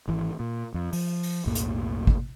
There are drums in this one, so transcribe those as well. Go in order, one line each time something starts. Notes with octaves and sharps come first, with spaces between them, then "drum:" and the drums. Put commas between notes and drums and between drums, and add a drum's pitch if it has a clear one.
G#1 E3
A#2
F2
F3, drum: open hi-hat
drum: open hi-hat
B1 F2 A2 A#3
drum: hi-hat
drum: kick